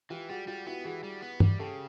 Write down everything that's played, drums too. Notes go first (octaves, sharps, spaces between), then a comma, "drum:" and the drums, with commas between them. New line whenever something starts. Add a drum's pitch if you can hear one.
E3 F4 G4
G3 F#4 G#4
G3 F4 G4
B3 E4 F#4
E3 F#4 G#4
G3
B3
G3, drum: tom G2
C#3 G4 A4